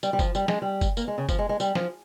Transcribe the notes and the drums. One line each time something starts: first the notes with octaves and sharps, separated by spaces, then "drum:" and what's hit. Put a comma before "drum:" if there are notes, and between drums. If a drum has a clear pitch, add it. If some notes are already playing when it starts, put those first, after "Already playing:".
G3, drum: tambourine
G3
F3, drum: kick F#1, tambourine
G3, drum: tambourine
G#3, drum: snare
G3
drum: kick F#1, tambourine
A#3, drum: tambourine
G#3
C#3
F3, drum: kick F#1, tambourine
G#3
G#3
G3, drum: tambourine
F3, drum: snare